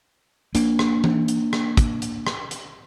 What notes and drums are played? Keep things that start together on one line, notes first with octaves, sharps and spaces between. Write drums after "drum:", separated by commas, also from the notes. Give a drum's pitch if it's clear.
A#3 D4, drum: hi-hat
drum: rim click
drum: tom E3
drum: hi-hat
drum: rim click
drum: kick, hi-hat
drum: hi-hat
drum: rim click
drum: hi-hat